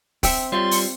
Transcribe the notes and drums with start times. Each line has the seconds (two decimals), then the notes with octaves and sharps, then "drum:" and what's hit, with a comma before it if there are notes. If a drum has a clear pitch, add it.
0.23 C4 E5, drum: kick, open hi-hat
0.52 G3 F4 C#5 C6
0.71 drum: open hi-hat